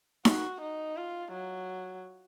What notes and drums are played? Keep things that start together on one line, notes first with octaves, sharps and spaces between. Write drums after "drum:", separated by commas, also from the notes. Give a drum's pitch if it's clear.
F#4, drum: snare D#4
D#4
F4
F#3